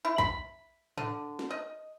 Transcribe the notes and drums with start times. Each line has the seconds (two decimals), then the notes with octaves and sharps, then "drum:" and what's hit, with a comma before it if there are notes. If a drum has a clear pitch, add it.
0.05 E4
0.18 B5, drum: kick A#1
0.97 D3, drum: tom G#2
1.39 drum: snare
1.51 D#5